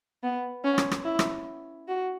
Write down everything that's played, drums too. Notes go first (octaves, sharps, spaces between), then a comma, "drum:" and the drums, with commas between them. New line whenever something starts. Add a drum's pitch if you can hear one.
B3
C#4
drum: rim click
drum: rim click
E4
drum: rim click
F#4